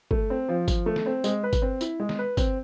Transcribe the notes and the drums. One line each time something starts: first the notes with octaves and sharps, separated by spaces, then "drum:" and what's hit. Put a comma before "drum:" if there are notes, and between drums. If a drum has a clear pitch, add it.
A3, drum: kick
C4
F3
F3, drum: kick, tambourine
A3
drum: snare
C4
G#3, drum: tambourine
B4
drum: kick, tambourine
C4
E4, drum: tambourine
G#3
drum: snare
B4
C4, drum: kick, tambourine